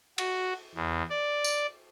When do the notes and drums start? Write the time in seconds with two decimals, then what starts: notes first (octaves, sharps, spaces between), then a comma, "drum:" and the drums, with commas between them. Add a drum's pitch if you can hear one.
0.18 F#4, drum: cymbal
0.75 E2
1.10 D5
1.44 drum: tambourine